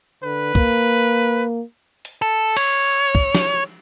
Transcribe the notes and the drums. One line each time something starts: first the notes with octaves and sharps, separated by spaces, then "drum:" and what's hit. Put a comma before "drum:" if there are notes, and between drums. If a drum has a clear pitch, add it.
D3 B4
A#3, drum: kick
drum: hi-hat
A4
C#5, drum: cymbal
drum: kick
drum: snare